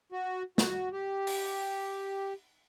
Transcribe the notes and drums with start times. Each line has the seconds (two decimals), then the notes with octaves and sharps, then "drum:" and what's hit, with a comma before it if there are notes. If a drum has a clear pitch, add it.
0.12 F#4
0.58 F#4, drum: snare
0.92 G4
1.27 drum: open hi-hat